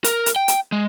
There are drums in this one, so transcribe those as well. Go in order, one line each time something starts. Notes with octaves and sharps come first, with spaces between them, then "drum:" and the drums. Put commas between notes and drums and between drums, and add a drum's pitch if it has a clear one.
A#4, drum: hi-hat
drum: hi-hat
G5
drum: hi-hat
G#3